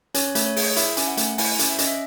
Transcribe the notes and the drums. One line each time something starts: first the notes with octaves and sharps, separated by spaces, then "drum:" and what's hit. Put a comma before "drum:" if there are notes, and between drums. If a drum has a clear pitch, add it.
C#4 C#5, drum: hi-hat
A3, drum: hi-hat
C#5
G#4, drum: open hi-hat
E4 E5, drum: hi-hat
C#4 G#5, drum: hi-hat
F#5
A3, drum: hi-hat
E4 G#5, drum: open hi-hat
C#4, drum: hi-hat
E5
C#4 D#5, drum: hi-hat
E5